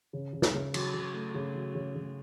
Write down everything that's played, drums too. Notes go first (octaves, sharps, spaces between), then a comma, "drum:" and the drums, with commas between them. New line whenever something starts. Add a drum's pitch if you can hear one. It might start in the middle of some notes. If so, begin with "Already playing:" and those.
C#3
C#3
drum: snare
C#3
F#3, drum: cymbal
C#3
A3
C#3
F#3
C#3
C#3